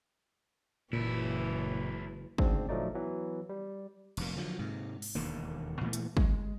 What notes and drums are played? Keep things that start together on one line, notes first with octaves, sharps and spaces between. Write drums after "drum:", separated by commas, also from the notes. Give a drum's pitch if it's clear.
F#1 C#2 A#2 E3 E4
D2 G#2 C#3 C4 D4, drum: kick
A#1 F3 F#3 A3 D#4 D5
E3 F#3 B3
G3
F1 A#2, drum: cymbal
D3 F3 F#3
G#2 C3
drum: open hi-hat
E1 D#2 D3 A#3
A#2 E3 A3 B3
drum: hi-hat
G#3, drum: kick